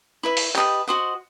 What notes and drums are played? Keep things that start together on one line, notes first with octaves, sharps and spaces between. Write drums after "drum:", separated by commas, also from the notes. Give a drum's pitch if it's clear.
E4 B4 E5
drum: open hi-hat
G4 B4 D#5 A5, drum: clap
F#4 C5 D#5 F#5